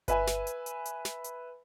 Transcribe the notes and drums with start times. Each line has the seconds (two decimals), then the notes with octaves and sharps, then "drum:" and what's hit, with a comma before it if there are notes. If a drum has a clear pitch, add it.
0.08 B4 E5 G#5 B5, drum: kick G1, hi-hat
0.27 drum: snare
0.47 drum: hi-hat
0.66 drum: hi-hat
0.85 drum: hi-hat
1.05 drum: snare
1.24 drum: hi-hat